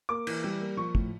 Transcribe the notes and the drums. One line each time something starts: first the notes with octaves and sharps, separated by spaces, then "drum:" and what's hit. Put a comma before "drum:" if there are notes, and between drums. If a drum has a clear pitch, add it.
A#3 D6
E3, drum: cymbal
G3
A#3
F3 C#6
A2, drum: kick